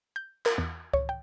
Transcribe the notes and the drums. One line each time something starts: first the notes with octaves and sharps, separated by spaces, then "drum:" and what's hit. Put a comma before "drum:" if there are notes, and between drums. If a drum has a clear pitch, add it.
G6
A#4, drum: clap
E2
C#5, drum: kick C#2
G5